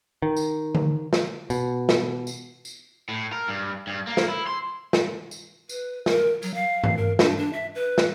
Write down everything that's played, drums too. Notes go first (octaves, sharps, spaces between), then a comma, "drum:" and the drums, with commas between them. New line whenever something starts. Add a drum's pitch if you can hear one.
D#3
drum: tambourine
drum: tom D3
drum: snare
B2, drum: tambourine
drum: snare
drum: tambourine
drum: tambourine
A2
A#4
G2
G2
A#3
drum: snare
E4
C6
drum: snare
drum: tambourine
B4, drum: tambourine
A#4, drum: snare
F#3, drum: tambourine
F5
drum: tom G2
A#4
D4, drum: snare
D4
E5
B4
drum: snare